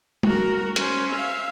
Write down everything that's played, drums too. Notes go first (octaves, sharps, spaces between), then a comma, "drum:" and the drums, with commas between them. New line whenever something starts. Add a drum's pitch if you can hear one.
F#4 A#4, drum: tom G3
C#4 C5, drum: hi-hat
E5 F5